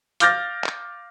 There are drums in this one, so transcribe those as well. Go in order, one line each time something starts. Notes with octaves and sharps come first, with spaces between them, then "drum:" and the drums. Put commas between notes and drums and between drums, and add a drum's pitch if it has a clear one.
F5 D6 F6 G6 A6 A#6, drum: hi-hat
drum: clap